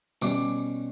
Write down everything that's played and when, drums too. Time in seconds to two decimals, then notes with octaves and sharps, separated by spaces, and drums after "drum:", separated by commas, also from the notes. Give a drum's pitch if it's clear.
0.21 B2 G3 C#4 D6, drum: tambourine